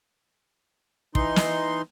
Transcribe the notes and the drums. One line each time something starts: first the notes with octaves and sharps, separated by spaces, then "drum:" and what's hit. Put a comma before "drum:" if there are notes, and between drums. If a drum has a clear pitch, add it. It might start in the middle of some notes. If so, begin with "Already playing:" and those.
E3 D#4 C6, drum: kick
drum: snare